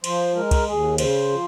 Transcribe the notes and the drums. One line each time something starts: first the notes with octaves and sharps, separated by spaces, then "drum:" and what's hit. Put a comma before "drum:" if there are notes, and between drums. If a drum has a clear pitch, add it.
F3 C5, drum: cymbal
G#3 A#4
drum: kick, cymbal
D#2 G#4
C#3 C5, drum: cymbal
F3